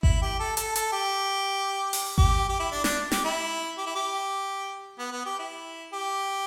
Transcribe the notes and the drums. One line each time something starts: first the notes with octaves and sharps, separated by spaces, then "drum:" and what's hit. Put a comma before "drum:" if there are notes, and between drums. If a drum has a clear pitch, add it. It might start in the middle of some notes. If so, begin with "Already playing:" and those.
E4, drum: kick G#1
G4
A4
A4, drum: hi-hat
A4, drum: hi-hat
G4
drum: open hi-hat
G4, drum: kick G#1
G4
E4
D4
D4, drum: snare
G4, drum: snare
E4
G4
E4
G4
B3
B3
G4
E4
G4